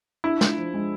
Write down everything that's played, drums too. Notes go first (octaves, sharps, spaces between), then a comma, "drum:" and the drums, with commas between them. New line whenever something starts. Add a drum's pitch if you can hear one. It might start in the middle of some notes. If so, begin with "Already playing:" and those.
D4 E4
F4, drum: snare
F3
G#3